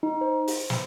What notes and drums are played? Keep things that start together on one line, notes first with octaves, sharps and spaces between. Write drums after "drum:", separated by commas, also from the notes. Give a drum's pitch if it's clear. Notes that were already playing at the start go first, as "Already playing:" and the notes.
D#4
C5
drum: open hi-hat
drum: snare